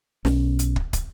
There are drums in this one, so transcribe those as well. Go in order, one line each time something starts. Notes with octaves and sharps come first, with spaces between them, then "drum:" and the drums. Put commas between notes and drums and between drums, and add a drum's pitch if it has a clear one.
B1 C#4, drum: snare
drum: hi-hat
drum: kick
drum: kick, hi-hat